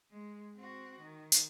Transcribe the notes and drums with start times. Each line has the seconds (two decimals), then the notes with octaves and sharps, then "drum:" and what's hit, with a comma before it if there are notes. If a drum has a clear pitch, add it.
0.10 G#3
0.54 C4 F#4
0.99 D#3
1.32 drum: hi-hat